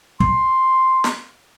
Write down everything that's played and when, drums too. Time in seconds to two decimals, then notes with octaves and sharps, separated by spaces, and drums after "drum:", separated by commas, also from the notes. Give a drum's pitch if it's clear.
0.20 C6, drum: kick
1.04 drum: snare